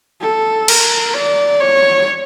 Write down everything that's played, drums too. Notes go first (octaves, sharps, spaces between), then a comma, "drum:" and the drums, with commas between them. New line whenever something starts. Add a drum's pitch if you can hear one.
A4
A#4, drum: cymbal
D5
C#5